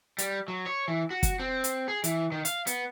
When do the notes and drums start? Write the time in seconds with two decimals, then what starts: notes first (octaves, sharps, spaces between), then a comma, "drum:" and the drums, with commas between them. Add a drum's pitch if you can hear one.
0.18 G3, drum: hi-hat
0.48 F#3
0.66 C#5
0.88 E3
1.10 F#4
1.23 drum: kick, hi-hat
1.39 C4
1.64 drum: hi-hat
1.88 G#4
2.04 E3, drum: hi-hat
2.32 D#3
2.45 F5, drum: hi-hat
2.67 B3, drum: hi-hat